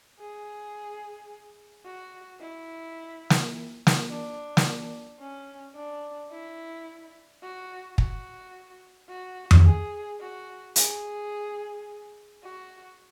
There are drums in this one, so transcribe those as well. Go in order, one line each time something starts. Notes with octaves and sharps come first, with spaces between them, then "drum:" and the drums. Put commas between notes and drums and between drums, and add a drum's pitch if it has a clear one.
G#4
F#4
E4
drum: snare
drum: snare
D4
drum: snare
C#4
D4
E4
F#4
F#4, drum: kick
F#4
drum: tom F2
G#4
F#4
G#4, drum: hi-hat
F#4